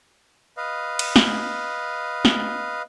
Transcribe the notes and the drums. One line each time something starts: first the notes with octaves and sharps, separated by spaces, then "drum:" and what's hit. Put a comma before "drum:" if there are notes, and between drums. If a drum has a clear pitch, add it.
B4 D#5 F5
drum: cymbal
drum: snare
drum: snare